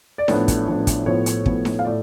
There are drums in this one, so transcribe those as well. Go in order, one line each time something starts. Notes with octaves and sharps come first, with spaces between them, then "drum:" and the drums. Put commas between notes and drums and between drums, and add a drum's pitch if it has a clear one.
D5
A1 A2 F3 B3 D4 C#5, drum: snare D#4
drum: kick, hi-hat
A1 A2 F3 B3 D4
drum: kick, hi-hat
B1 A2 F3 B3 C#5
drum: hi-hat
B1 A2 F3 B3, drum: kick
drum: snare D#4
F5
A2 D5